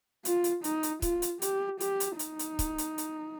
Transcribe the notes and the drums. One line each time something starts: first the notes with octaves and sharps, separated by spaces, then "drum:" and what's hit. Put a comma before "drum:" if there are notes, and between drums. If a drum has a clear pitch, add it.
F4, drum: hi-hat
drum: hi-hat
D#4, drum: hi-hat
drum: hi-hat
F4, drum: kick, hi-hat
drum: hi-hat
G4, drum: hi-hat
G4, drum: hi-hat
drum: hi-hat
D#4, drum: hi-hat
drum: hi-hat
drum: kick, hi-hat
drum: hi-hat
drum: hi-hat